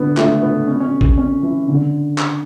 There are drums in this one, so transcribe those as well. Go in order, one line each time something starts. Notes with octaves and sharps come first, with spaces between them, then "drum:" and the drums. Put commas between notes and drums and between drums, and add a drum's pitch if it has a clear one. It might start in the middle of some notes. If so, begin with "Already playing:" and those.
Already playing: D3 B3
A3, drum: clap
B3
C#4
C#4
drum: kick A1
C#4
E3
D3
drum: clap